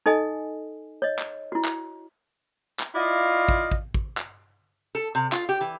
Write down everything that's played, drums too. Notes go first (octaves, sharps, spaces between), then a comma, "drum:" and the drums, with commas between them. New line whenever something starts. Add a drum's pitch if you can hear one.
D#4 A4 D#5 G#5
C#5 D#5
drum: clap
E4 F#4
drum: clap
drum: clap
E4 F4 D5 D#5 F5
drum: kick
drum: kick
drum: kick
drum: clap
A4
C3
F4, drum: clap
G4
E3